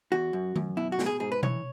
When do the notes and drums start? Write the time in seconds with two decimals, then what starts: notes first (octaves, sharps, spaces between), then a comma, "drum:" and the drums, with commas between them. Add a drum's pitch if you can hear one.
0.12 E2 F#4
0.33 F#2
0.56 F#2, drum: tom D#3
0.77 B2 E4
0.92 F#4
0.99 B2, drum: snare
1.06 G#4
1.20 G#2 G#4
1.32 B4
1.43 E3 C#5, drum: tom B2